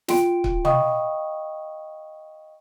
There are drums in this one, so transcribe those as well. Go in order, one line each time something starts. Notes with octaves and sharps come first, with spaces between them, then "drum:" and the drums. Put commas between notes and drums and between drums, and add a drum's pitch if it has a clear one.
F4 G5 C6 D7, drum: snare
drum: kick
D#5 F5 G5 B5 C#6 D#6, drum: tom